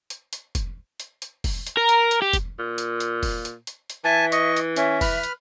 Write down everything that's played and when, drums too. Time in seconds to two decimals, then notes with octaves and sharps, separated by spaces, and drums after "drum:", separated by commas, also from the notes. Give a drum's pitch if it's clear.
0.10 drum: hi-hat
0.33 drum: hi-hat
0.55 drum: kick F1, hi-hat
1.00 drum: hi-hat
1.22 drum: hi-hat
1.44 drum: kick F1, open hi-hat
1.67 drum: hi-hat
1.77 A#4
1.89 drum: hi-hat
2.11 drum: hi-hat
2.22 G4
2.33 drum: kick F1, hi-hat
2.59 A#2
2.78 drum: hi-hat
3.00 drum: hi-hat
3.23 drum: kick F1, open hi-hat
3.45 drum: hi-hat
3.67 drum: hi-hat
3.90 drum: hi-hat
4.05 E3 E5 G#5 A5
4.32 D#5 C#6, drum: hi-hat
4.57 drum: hi-hat
4.76 C#4 E5, drum: hi-hat
5.01 B4 B5 F6, drum: kick F1, open hi-hat
5.23 drum: hi-hat